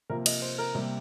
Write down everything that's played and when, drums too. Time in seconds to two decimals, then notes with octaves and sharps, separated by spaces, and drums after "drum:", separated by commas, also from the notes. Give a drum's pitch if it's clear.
0.10 C3 F3 A#3 A#4
0.26 D#5, drum: cymbal
0.42 C5
0.58 A#4
0.75 C3 G3 A#3